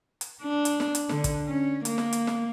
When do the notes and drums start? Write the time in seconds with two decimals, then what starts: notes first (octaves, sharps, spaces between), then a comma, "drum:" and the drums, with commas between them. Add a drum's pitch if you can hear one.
0.21 drum: hi-hat
0.42 D4
0.65 drum: hi-hat
0.80 drum: snare
0.95 drum: hi-hat
1.09 D3, drum: snare
1.24 drum: kick, hi-hat
1.46 C#4
1.85 A#3, drum: hi-hat
1.98 drum: snare
2.13 drum: hi-hat
2.27 drum: snare